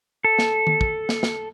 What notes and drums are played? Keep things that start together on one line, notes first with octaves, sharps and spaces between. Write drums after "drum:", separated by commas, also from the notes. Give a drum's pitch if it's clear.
A4
drum: snare
drum: tom D#3
drum: kick
drum: snare
drum: snare